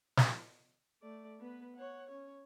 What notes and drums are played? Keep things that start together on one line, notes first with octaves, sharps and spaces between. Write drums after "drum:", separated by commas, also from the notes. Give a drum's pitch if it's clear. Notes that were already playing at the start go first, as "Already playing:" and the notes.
drum: snare
A3 D5
B3 B4
C#5 F#5
C#4 C#5